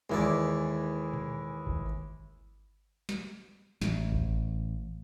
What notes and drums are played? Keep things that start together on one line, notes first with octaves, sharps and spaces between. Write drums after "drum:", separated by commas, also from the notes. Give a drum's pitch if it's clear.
D#2 E3 G#3 E4 D5
drum: tom A#2
drum: kick G#1
drum: snare
A1, drum: snare
drum: kick G#1